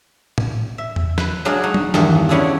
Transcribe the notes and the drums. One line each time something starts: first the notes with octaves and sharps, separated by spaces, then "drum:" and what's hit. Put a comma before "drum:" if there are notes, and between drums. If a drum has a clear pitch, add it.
drum: tom A2
E5
drum: tom E2
B4, drum: snare
F#3 G#3 D4 G#4 D5 F5
D#4 F#4
drum: tom F#3
E2 G2 D#3, drum: snare
B3 C#4 D4 E4 F4 G#4